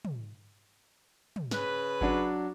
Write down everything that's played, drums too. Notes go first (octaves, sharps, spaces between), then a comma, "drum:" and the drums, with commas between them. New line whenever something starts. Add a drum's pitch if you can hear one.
drum: tom
drum: tom
C#3 B4, drum: snare
F#3 D4, drum: kick G1